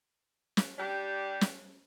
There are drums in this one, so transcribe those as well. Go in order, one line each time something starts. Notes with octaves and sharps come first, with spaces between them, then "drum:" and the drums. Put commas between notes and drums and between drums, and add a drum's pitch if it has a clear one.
drum: snare
G3 D4 G4
drum: snare